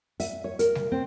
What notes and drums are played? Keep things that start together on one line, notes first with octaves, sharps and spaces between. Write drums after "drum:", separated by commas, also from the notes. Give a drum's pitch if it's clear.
E5, drum: open hi-hat
C#5
A#4, drum: hi-hat
drum: snare G3
C4